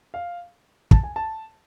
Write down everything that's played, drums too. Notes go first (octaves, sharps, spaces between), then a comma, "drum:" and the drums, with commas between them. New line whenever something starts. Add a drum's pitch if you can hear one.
F5
A5, drum: kick
G#5
A5